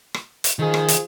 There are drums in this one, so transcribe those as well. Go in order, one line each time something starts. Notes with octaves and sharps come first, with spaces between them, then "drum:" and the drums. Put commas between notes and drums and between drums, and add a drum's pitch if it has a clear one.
drum: rim click
drum: hi-hat
D#3 F3 G#4
drum: rim click
drum: hi-hat